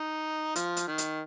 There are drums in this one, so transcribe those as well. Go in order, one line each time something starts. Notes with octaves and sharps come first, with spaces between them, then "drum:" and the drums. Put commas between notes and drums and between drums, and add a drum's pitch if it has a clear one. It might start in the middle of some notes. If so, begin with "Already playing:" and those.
Already playing: D#4
F3, drum: hi-hat
drum: hi-hat
D#3
drum: hi-hat